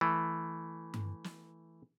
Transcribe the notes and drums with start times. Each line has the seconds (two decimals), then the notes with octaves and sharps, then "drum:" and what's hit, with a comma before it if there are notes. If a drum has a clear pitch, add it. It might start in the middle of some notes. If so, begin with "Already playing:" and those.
0.01 E3 A3
0.94 drum: tom G2
1.24 drum: snare